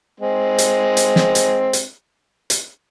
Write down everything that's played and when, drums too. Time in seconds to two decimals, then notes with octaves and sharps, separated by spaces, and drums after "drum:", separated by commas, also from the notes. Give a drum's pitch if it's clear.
0.20 G#3 C4
0.58 drum: hi-hat
0.97 drum: hi-hat
1.16 drum: snare
1.35 drum: hi-hat
1.73 drum: hi-hat
2.50 drum: hi-hat